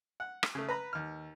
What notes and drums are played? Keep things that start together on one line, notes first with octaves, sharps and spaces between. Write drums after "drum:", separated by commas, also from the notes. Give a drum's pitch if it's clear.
F#5
drum: rim click
C#3 A3
B4 A#5 B5
D#2 F6